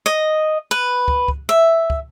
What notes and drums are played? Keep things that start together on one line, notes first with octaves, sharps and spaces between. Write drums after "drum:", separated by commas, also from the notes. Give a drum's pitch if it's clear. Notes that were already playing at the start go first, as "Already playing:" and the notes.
D#5
B4
drum: kick
drum: kick
E5
drum: kick